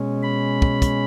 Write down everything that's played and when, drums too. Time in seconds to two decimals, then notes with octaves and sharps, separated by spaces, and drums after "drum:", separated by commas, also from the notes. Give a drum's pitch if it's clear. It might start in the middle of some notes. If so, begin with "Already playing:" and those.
Already playing: B2 G#3 C#4
0.23 B5
0.62 drum: kick
0.82 drum: kick, hi-hat